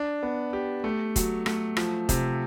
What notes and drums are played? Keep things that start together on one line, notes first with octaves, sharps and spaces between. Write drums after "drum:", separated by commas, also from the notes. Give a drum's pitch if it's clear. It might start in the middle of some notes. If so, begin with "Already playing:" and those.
Already playing: D4
B3
G4
A3
F#3, drum: kick, hi-hat
A3, drum: rim click
F3, drum: rim click
C3, drum: kick, hi-hat